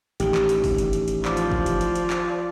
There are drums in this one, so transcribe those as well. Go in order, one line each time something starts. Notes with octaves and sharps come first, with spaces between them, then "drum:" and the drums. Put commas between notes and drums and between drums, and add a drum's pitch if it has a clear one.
A1 D#3 G4, drum: hi-hat
drum: clap
drum: hi-hat
drum: kick, open hi-hat
drum: hi-hat
drum: hi-hat
drum: hi-hat
F3 D5, drum: clap
drum: hi-hat
drum: kick
drum: hi-hat
drum: hi-hat
drum: hi-hat
drum: clap